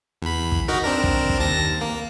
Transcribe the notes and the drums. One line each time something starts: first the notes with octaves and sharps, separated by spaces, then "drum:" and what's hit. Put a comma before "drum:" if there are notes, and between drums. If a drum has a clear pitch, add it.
E2 B5
drum: kick
D#4 F#4 A#4
C4 D4 A#4
drum: kick
drum: kick
D#2 A5 A#6
A#3